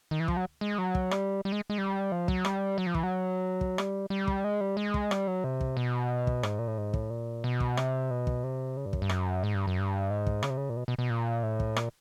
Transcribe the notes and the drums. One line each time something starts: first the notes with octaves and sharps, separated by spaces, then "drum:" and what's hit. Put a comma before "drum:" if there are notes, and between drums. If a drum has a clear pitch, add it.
D#3
E3
F3, drum: kick
F#3
G#3
F#3
drum: kick
G3, drum: rim click
G3
G#3
G#3
G3
F3
F#3, drum: kick
G3, drum: rim click
F#3
F3
E3, drum: kick
F#3
drum: kick
G3, drum: rim click
G3
drum: kick
G#3
G3
G#3
drum: kick
G3, drum: rim click
F#3
C3
drum: kick
B2
drum: kick
G#2, drum: rim click
A#2
A2
G#2
A2, drum: kick
A#2
B2
drum: kick
C3, drum: rim click
B2
drum: kick
C3
C#3
G2
F#2, drum: kick
G2
F#2, drum: rim click
G#2
G2
F#2
G2
G#2
drum: kick
C#3, drum: rim click
C3
C#3
A#2
B2
B2
B2
A#2
A2
drum: kick
A#2, drum: rim click